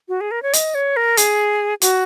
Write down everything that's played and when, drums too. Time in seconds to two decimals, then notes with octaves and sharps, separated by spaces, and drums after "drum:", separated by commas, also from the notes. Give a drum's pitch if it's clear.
0.09 F#4
0.21 G#4
0.31 A#4
0.43 C#5
0.53 D#5, drum: hi-hat
0.75 C#5
0.96 A#4
1.17 G#4, drum: hi-hat
1.82 F#4, drum: hi-hat